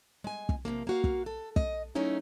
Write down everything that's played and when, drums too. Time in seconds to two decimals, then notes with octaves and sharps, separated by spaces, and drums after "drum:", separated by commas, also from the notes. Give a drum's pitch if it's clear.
0.24 G#3 G#5
0.49 drum: kick
0.65 C3 E3 F3 A#3
0.87 A#3 F#4 F5
1.04 drum: kick
1.26 A4
1.56 D#5, drum: kick
1.95 F#3 G#3 A3 C#4 D#4 E4